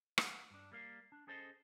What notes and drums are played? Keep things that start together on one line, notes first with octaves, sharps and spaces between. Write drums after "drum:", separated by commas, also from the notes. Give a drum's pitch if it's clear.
F5 F#5, drum: rim click
G2 D4
G3 A#3 A#4 F5
D4
C#4 G#4 A4 C5 D#5